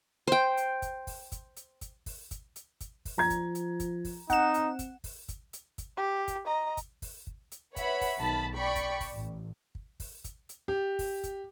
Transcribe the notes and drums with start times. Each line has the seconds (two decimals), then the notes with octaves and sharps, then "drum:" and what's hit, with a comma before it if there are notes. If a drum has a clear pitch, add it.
0.27 C5 G5
0.57 drum: hi-hat
0.82 drum: kick, hi-hat
1.07 drum: kick, open hi-hat
1.32 drum: kick, hi-hat
1.57 drum: hi-hat
1.81 drum: kick, hi-hat
2.06 drum: kick, open hi-hat
2.31 drum: kick, hi-hat
2.56 drum: hi-hat
2.81 drum: kick, hi-hat
3.05 drum: kick, open hi-hat
3.18 F3 A#5 G#6
3.30 drum: kick, hi-hat
3.55 drum: hi-hat
3.80 drum: kick, hi-hat
4.05 drum: kick, open hi-hat
4.30 C4 D#4 F#5 E7, drum: kick, hi-hat
4.54 drum: hi-hat
4.79 drum: kick, hi-hat
5.04 drum: kick, open hi-hat
5.29 drum: kick, hi-hat
5.53 drum: hi-hat
5.78 drum: kick, hi-hat
5.97 G4
6.28 drum: kick, hi-hat
6.46 D#5 A#5
6.77 drum: kick, hi-hat
7.02 drum: kick, open hi-hat
7.27 drum: kick
7.52 drum: hi-hat
7.76 B4 C#5 E5 F#5 B5, drum: kick, hi-hat
8.01 drum: kick, open hi-hat
8.18 B1 D#3 A5 B5
8.56 D5 G5 B5 C#6
8.76 drum: kick, hi-hat
9.00 drum: kick, open hi-hat
9.16 A1
9.75 drum: kick
10.00 drum: kick, open hi-hat
10.24 drum: kick, hi-hat
10.49 drum: hi-hat
10.68 G4
10.99 drum: kick, open hi-hat
11.24 drum: kick, hi-hat